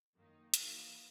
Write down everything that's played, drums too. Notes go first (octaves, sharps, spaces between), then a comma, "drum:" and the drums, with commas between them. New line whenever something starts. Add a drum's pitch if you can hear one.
F#2 D#3 A#3 D#4
E3 A#3 D#4 F#4 B4, drum: hi-hat